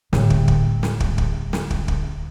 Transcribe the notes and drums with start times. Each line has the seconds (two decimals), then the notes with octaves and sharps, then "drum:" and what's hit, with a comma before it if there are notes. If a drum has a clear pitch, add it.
0.13 A2 D3 G3, drum: snare
0.30 drum: kick
0.48 drum: kick
0.83 drum: snare
1.00 drum: kick
1.18 drum: kick
1.53 drum: snare
1.70 drum: kick
1.88 drum: kick